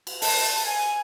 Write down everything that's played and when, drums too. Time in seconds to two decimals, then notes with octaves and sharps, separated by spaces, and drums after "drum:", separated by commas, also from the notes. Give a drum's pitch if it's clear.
0.07 drum: cymbal
0.22 A5, drum: open hi-hat
0.65 G#5